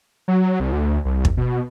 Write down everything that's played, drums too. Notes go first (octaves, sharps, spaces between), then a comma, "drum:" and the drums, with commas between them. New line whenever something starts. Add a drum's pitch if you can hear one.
F#3
C2
D2
C2
drum: kick
B2